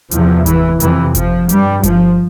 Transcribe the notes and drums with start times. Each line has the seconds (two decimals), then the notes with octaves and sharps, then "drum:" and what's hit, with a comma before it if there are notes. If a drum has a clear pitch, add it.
0.11 E2 C3 F3, drum: hi-hat
0.46 E3, drum: kick G1, hi-hat
0.80 F2 C3 E3, drum: hi-hat
1.15 F3, drum: kick G1, hi-hat
1.49 G2 G3, drum: hi-hat
1.83 F3, drum: kick G1, hi-hat